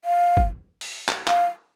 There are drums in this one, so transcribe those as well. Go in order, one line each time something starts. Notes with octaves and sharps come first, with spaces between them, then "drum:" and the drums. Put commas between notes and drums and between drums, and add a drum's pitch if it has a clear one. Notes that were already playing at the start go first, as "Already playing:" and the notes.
F5
drum: kick
drum: open hi-hat
drum: clap
F5, drum: clap